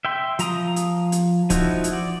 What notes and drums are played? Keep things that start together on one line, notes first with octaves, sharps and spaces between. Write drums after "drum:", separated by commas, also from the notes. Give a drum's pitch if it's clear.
E5 G5 C6
F3 A#5 D#6, drum: hi-hat
drum: hi-hat
drum: hi-hat
F3 D#4 E4 F#4, drum: kick, hi-hat
drum: hi-hat
D5